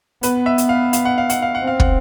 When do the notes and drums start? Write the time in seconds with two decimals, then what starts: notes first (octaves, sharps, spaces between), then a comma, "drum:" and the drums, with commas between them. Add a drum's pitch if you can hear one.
0.23 B3 B4, drum: hi-hat
0.46 E5
0.58 drum: hi-hat
0.69 F5
0.93 F5, drum: hi-hat
1.05 F#5
1.18 F5
1.30 F#5, drum: hi-hat
1.42 F5
1.55 F#5
1.63 C4 F5
1.80 F#5, drum: kick